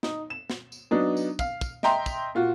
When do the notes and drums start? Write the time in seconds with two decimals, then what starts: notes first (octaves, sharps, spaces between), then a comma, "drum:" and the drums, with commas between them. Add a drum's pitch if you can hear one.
0.03 D#4, drum: snare
0.30 E7
0.50 drum: snare
0.72 drum: tambourine
0.91 F#3 B3 D4 D#4
1.17 drum: tambourine
1.39 F5, drum: kick, tambourine
1.61 drum: kick, tambourine
1.83 D#5 E5 G5 A#5 C6, drum: snare
2.06 drum: kick, tambourine
2.35 A#2 F4 F#4